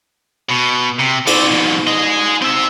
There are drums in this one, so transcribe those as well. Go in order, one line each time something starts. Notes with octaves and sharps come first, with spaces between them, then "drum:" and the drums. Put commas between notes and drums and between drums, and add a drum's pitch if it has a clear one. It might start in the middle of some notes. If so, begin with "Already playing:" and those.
B2
C3
C4 D5, drum: cymbal
B2 F3
G#4 D#5
C4 E5